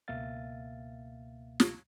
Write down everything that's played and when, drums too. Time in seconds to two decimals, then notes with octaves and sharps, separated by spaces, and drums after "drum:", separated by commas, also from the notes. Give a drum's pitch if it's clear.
0.08 C#2 B2 A#3 E5 F5 A6
1.60 drum: snare